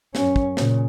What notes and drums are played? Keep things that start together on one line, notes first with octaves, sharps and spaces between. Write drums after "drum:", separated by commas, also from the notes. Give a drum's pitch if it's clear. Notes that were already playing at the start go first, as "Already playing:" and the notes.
F#2 C#4, drum: snare
drum: kick
A#2 C#3, drum: snare